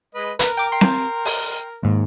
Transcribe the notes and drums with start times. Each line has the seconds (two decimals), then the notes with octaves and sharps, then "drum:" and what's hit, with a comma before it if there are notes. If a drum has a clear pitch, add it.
0.15 G#3 B4 D#5
0.39 A#4 B4, drum: hi-hat
0.57 G5 D6
0.72 G5 C6
0.81 drum: snare C4
1.25 drum: open hi-hat
1.83 D#2 G#2